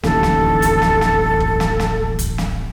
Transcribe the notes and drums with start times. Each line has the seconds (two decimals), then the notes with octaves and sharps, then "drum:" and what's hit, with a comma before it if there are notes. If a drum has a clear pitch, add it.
0.03 D1 A1 D#2 A4, drum: snare
0.23 drum: snare
0.62 drum: kick, hi-hat
0.82 drum: snare
1.01 drum: snare
1.40 drum: kick
1.60 drum: snare
1.80 drum: snare
2.19 drum: kick, hi-hat
2.38 drum: snare